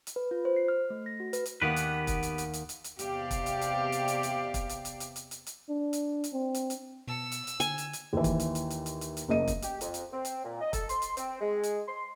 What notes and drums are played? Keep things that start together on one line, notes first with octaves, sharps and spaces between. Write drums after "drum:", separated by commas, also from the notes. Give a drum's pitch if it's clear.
drum: hi-hat
B4
F4
C5
C7
F6
A3
A#6
F#4
B4, drum: hi-hat
drum: hi-hat
D#2 B3 G4 B4 F#5 D#6
drum: hi-hat
drum: kick, hi-hat
drum: hi-hat
drum: hi-hat
drum: hi-hat
drum: hi-hat
drum: hi-hat
E2 C3 G4 D5 F5, drum: hi-hat
drum: kick, hi-hat
drum: hi-hat
drum: hi-hat
drum: hi-hat
drum: hi-hat
drum: hi-hat
drum: kick, hi-hat
drum: hi-hat
drum: hi-hat
drum: hi-hat
drum: hi-hat
drum: hi-hat
drum: hi-hat
D4
drum: hi-hat
drum: hi-hat
C4
drum: hi-hat
drum: hi-hat
B2 A5 E6 C#7
drum: hi-hat
drum: hi-hat
D3 G#5, drum: hi-hat
drum: hi-hat
drum: hi-hat
D#2 E3
drum: kick, hi-hat
drum: hi-hat
drum: hi-hat
drum: hi-hat
drum: hi-hat
drum: hi-hat
drum: hi-hat
F#1 A#3 D#5 D#7
drum: kick, hi-hat
G4, drum: hi-hat
F2, drum: hi-hat
drum: hi-hat
C4
drum: hi-hat
A#2
D#5
A4, drum: kick, hi-hat
C6, drum: hi-hat
drum: hi-hat
C4, drum: hi-hat
G#3
drum: hi-hat
C6